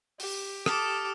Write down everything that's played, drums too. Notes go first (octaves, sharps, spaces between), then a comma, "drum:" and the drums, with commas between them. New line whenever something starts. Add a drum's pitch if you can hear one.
G4, drum: open hi-hat
A4 D6 D#6 F6 E7, drum: rim click